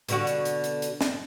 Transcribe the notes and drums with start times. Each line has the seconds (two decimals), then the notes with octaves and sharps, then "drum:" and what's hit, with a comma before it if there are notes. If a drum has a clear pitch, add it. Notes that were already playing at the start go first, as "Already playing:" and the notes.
0.09 B2 D3 F#4, drum: hi-hat
0.27 drum: hi-hat
0.45 drum: hi-hat
0.64 drum: hi-hat
0.82 drum: hi-hat
1.01 drum: snare